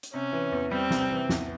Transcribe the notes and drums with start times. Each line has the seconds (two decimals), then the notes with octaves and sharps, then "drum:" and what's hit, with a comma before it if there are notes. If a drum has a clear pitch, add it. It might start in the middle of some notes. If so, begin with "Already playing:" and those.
0.03 drum: hi-hat
0.14 C3 C#4
0.33 E3
0.52 E2
0.71 G3 C4
0.91 C3, drum: snare
1.10 E3
1.29 E2, drum: snare